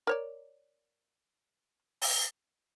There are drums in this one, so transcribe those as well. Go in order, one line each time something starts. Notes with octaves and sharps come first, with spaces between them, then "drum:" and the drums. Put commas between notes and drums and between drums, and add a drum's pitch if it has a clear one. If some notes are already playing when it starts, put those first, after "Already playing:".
A#4 C#5 D5
drum: open hi-hat